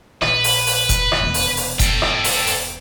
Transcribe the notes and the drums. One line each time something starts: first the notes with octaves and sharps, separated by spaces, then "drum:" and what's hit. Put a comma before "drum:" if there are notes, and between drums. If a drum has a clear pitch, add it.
A#1 B4, drum: rim click
drum: open hi-hat
drum: open hi-hat
drum: kick F1, hi-hat
drum: rim click
E1 C3
drum: open hi-hat
drum: open hi-hat
A4 G5, drum: kick F1, hi-hat
drum: rim click
drum: open hi-hat
drum: open hi-hat